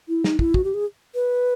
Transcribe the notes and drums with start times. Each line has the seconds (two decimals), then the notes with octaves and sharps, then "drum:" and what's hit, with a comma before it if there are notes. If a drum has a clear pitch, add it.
0.08 E4
0.24 D#4, drum: snare
0.39 E4, drum: kick
0.54 F#4, drum: kick
0.64 G4
0.74 G#4
1.15 B4